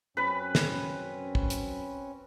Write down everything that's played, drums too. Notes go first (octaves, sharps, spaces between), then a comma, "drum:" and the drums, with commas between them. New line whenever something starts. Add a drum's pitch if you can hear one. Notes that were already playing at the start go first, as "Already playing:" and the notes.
F#2 C4 C#4 B4 B5
drum: snare
drum: kick
drum: hi-hat